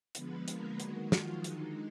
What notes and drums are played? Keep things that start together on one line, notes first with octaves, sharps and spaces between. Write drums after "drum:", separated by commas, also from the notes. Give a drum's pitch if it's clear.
D3 F3 G#3 B3 B4, drum: hi-hat
A#3 A#4, drum: hi-hat
D#3 F#3 G#3 F#4, drum: hi-hat
F3 F4, drum: snare
D3 D#3 G#3 D#4, drum: hi-hat